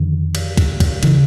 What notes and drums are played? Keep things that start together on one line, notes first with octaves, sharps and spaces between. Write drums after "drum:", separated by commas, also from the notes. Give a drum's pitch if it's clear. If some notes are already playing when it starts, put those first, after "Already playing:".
Already playing: F2 D3 D#3
drum: cymbal
drum: kick, cymbal
drum: kick, cymbal
C#3 E3, drum: cymbal